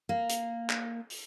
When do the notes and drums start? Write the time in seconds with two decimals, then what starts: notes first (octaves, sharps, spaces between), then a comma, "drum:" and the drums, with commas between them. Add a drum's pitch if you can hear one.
0.09 A#3
0.29 drum: hi-hat
0.70 drum: clap
1.10 drum: open hi-hat